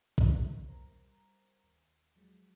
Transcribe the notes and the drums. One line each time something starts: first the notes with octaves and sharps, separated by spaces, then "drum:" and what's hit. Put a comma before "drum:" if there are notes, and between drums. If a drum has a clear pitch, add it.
C6 E6, drum: kick
G3 A#4 C5 A#5
D#2
F3 F#3 G#3